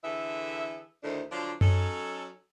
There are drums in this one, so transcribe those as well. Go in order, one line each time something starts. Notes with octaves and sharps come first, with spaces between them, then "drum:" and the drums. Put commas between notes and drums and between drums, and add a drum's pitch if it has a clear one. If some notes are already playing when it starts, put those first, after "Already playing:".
D3 E3 G#4 A4 E5
D2 A2 D#3 A3 D4 C5
D3 F3 F#3 D4 F4
F#3 C#4 D#4 A4, drum: tom F#2